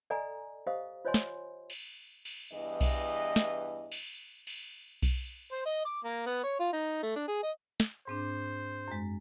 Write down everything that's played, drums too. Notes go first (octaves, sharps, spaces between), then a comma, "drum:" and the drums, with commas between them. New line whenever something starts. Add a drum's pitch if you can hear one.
A4 D5 D#5 F#5 G#5 A#5
G4 C5 D#5 F5 D#6
F4 C5 C#5 D#5 G#5 C6
drum: snare
drum: cymbal
drum: cymbal
E2 G2 E3 D#5
drum: kick B1, cymbal
drum: snare
drum: cymbal
drum: cymbal
drum: kick B1, cymbal
C5
D#5
D6
A#3
B3
C#5
F4
D#4
A3
D4
G#4
D#5
drum: snare
G#2 C4 D4 C5
F#2 G#3